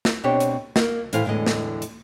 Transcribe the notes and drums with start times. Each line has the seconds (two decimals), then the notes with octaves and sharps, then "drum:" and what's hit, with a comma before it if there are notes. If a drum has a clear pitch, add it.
0.05 drum: snare
0.24 B2 C4 D4 G4 C#5
0.40 drum: hi-hat
0.76 A#3, drum: snare
1.13 A2 E3 A3 C5 F5, drum: hi-hat
1.25 E2 A2 D3 G#3 D#5
1.46 drum: snare
1.82 drum: hi-hat